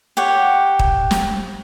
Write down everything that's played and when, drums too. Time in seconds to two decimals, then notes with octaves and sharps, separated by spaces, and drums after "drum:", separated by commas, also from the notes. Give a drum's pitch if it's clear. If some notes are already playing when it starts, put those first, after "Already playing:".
0.17 G4 C#5 F#5
0.79 drum: kick
1.11 drum: snare